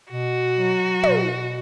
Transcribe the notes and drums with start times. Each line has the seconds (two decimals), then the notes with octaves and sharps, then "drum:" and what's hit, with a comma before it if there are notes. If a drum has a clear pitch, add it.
0.11 B2 F#4
0.57 F#3
1.03 B2, drum: tom